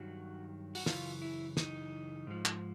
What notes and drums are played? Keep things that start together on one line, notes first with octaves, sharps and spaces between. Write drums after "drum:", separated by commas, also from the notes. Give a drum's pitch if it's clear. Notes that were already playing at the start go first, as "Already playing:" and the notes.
Already playing: G2 D#3 F#3 F#4
F#4, drum: open hi-hat
F#2 C#3 E3 F4, drum: snare
E4
D#4, drum: snare
G#2 F3
drum: clap